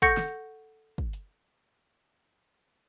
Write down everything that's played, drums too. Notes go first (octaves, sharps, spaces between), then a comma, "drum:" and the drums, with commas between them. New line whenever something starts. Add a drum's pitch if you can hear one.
A4 F#5 C#6 G6 A#6 C#7, drum: kick
drum: snare
drum: kick
drum: hi-hat